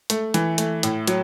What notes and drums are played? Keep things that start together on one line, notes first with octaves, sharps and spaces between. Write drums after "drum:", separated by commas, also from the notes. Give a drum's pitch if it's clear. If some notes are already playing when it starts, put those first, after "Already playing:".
A3, drum: hi-hat
E3, drum: hi-hat
A3, drum: hi-hat
A2, drum: hi-hat
F#3, drum: hi-hat